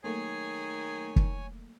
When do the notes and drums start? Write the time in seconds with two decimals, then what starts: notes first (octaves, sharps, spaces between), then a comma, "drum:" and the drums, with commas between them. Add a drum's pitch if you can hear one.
0.04 D#3 F#3 A3 A#3 G#4 C#5 G#5
1.16 drum: kick